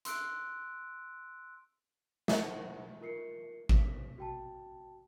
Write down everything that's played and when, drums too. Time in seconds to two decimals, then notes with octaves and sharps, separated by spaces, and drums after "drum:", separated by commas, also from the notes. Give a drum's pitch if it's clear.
0.05 C6 E6 F#6 D7, drum: hi-hat
2.28 C5 D#5 F#5, drum: snare
3.01 F4 A#4 C7 C#7
3.69 B6, drum: kick G#1
4.18 F#4 G5 A5